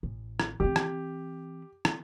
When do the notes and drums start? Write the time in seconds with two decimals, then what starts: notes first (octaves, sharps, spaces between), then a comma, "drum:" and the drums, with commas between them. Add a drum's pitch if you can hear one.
0.03 A1
0.40 drum: rim click
0.60 E3 C4 G4
0.76 drum: rim click
1.85 drum: rim click